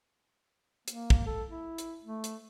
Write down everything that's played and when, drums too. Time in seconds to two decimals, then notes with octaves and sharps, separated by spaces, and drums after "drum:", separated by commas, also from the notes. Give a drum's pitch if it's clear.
0.88 A#3, drum: hi-hat
1.10 drum: kick
1.26 A4
1.51 E4
1.78 drum: hi-hat
2.04 A3
2.24 drum: hi-hat